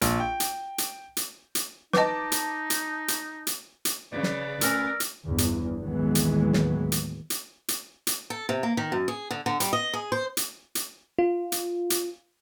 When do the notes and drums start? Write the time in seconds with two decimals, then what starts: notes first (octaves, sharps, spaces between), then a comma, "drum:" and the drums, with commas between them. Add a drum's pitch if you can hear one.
0.02 A#1, drum: hi-hat
0.20 G5
0.40 drum: hi-hat
0.78 drum: hi-hat
1.17 drum: hi-hat
1.55 drum: hi-hat
1.93 D#4 B4 D#5 A5 D6, drum: snare
2.32 drum: hi-hat
2.70 drum: hi-hat
3.08 drum: hi-hat
3.47 drum: hi-hat
3.85 drum: hi-hat
4.12 C#3 B4 D5
4.23 drum: snare
4.61 D2 C#4 A#4 G#5 E6 F6 A#6, drum: hi-hat
5.00 drum: hi-hat
5.25 G1 E2
5.38 drum: hi-hat
5.82 A1 D#2 E3 F#3 G#3 B3
6.15 drum: hi-hat
6.53 drum: snare
6.92 drum: hi-hat
7.30 drum: hi-hat
7.68 drum: hi-hat
8.07 drum: hi-hat
8.30 A4
8.49 C3
8.63 A#3
8.77 D#3
8.92 F#2
9.08 G#4
9.31 D3
9.46 D3
9.60 G3, drum: hi-hat
9.73 D#5
9.93 G#4
10.12 C5
10.37 drum: hi-hat
10.75 drum: hi-hat
11.19 F4
11.52 drum: hi-hat
11.90 drum: hi-hat